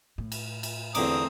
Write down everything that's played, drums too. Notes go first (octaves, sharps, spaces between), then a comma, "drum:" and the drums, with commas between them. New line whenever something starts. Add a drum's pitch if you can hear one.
A2
drum: cymbal
drum: cymbal
E2 D3 A3 C4 A#5 D6 D#6, drum: cymbal